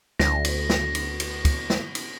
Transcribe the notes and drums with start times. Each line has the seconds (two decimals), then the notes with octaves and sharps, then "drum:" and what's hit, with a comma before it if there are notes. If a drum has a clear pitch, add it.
0.19 D2 A#6, drum: snare
0.45 drum: cymbal
0.70 drum: snare
0.95 drum: cymbal
1.20 drum: cymbal
1.45 drum: kick, cymbal
1.70 drum: snare
1.95 drum: cymbal